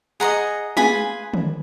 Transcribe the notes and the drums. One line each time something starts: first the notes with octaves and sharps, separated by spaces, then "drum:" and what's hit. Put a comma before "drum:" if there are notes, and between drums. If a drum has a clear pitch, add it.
G#4 B4 D#5 F#5 A#5
F4 G#4 B4 G#5 B5, drum: tom
drum: tom